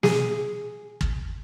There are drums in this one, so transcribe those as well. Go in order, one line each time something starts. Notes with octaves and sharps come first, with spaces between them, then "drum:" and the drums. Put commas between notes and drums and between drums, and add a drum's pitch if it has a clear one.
G#4, drum: snare
drum: kick